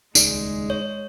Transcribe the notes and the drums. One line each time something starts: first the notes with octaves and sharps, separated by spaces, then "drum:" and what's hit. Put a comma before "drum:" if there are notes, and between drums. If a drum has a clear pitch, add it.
D#1 C#2 G#3 D#4 G#4 D5, drum: tambourine
C#5